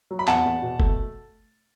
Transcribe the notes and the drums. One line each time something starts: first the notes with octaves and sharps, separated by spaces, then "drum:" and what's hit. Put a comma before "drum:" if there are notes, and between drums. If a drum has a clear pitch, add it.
F#3
B5
E2 F#5 A5, drum: clap
E2
B2
A3, drum: kick F#1